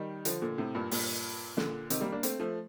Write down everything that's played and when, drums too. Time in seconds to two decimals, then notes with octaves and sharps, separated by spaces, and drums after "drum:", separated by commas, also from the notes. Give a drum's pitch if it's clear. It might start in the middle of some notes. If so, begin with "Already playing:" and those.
Already playing: D#3 G3
0.25 D3 F3, drum: hi-hat
0.42 A#2 D3
0.58 A2 C3
0.75 G2 A#2
0.91 G2 A#2, drum: open hi-hat
1.57 A#2 D3, drum: snare
1.90 C3 D#3, drum: hi-hat
2.01 G3 A#3
2.12 A#3 D4
2.23 A3 C4, drum: hi-hat
2.40 F3 A3